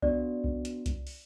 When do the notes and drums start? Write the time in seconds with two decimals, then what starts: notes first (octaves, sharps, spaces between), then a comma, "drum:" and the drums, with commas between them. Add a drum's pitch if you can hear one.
0.02 B3 D4 F#4 D5, drum: kick C2
0.44 drum: kick C2
0.65 drum: hi-hat
0.86 drum: kick C2, hi-hat
1.07 drum: open hi-hat